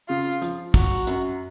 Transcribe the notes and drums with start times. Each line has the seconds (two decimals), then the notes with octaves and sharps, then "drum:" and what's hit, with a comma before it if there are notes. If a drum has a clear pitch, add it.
0.09 C#3 F4
0.42 F3, drum: hi-hat
0.74 F#3 F#4, drum: kick, open hi-hat
1.07 F#2, drum: hi-hat